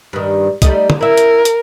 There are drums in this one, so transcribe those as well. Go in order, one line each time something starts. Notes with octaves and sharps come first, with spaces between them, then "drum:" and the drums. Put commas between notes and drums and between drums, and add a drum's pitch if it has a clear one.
G2 D#3
G3 A3 D#4, drum: kick, hi-hat
drum: tom
E4 A#4 E5
drum: hi-hat
drum: hi-hat